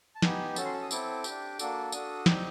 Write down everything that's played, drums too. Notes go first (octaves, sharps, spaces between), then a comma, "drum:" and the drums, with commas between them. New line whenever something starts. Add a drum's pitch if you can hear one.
A5
B3 D#4 G4 G#5, drum: snare
C#4 F#4 A4 A5, drum: tambourine
C6
E6
D#6
C4 E4 A4 D6, drum: tambourine
D4 G4, drum: tambourine
A#3 D4 F#4 A4, drum: tambourine
D4 F#4 A4 D#6, drum: tambourine
C4 D#4 G4, drum: snare